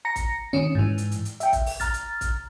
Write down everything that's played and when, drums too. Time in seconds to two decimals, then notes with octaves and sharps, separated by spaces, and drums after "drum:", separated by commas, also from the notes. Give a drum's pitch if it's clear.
0.05 A#5 A#6 C#7
0.16 drum: kick, hi-hat
0.53 D#3 C#4
0.75 G#2 E3
0.98 drum: hi-hat
1.11 drum: hi-hat
1.25 drum: hi-hat
1.40 E5 G5, drum: hi-hat
1.52 drum: kick, hi-hat
1.66 drum: open hi-hat
1.80 A#5 F6 A6, drum: kick, hi-hat
1.94 drum: hi-hat
2.21 drum: kick, hi-hat